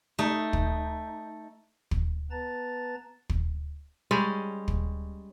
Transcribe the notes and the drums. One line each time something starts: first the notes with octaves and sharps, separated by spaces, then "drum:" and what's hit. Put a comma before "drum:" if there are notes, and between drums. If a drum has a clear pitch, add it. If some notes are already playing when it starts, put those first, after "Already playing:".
A3 D#4
drum: kick
drum: kick
B3 B4 A5 A#5 A6
drum: kick
G3 G#3 C#4
drum: kick